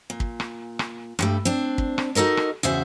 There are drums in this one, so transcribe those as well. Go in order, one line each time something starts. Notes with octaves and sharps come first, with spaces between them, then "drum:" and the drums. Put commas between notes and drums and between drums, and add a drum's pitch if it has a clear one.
A#2
drum: kick
drum: rim click
drum: rim click
G2 G3 A3, drum: rim click
C4 D4
drum: kick
drum: rim click
D#4 F#4 A4 A#4 D#5
drum: rim click
E2 A2 C#3 F#4 C5 E5